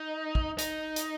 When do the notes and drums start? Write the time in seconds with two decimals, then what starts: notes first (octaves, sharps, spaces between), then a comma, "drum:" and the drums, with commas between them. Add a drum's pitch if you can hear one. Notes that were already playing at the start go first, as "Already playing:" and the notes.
Already playing: D#4
0.35 drum: kick
0.58 D#4, drum: hi-hat
0.96 drum: hi-hat